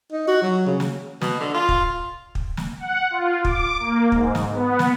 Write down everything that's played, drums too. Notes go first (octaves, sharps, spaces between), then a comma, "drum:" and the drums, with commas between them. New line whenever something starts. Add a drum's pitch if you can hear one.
D#4
F#4
F#3
C#3
drum: snare
B2, drum: snare
D3
F4
drum: kick
drum: kick
drum: snare
F#5
F4
D6, drum: kick
A#3
G#2, drum: kick
drum: snare
B3
drum: snare